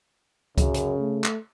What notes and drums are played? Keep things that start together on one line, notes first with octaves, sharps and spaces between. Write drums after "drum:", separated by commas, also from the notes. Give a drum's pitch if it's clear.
F#2 C#3, drum: kick C#2, hi-hat
drum: hi-hat
A3
drum: clap